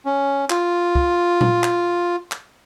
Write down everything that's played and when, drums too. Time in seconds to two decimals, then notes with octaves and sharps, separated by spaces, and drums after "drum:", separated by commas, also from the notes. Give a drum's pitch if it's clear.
0.05 C#4
0.50 F4, drum: clap
0.95 drum: kick
1.41 drum: tom A#2
1.63 drum: clap
2.32 drum: clap